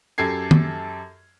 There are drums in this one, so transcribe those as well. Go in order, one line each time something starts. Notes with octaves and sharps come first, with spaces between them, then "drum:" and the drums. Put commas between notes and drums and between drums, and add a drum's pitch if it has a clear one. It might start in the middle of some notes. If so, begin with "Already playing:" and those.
F#2 G4 A4 G#6 C7
drum: tom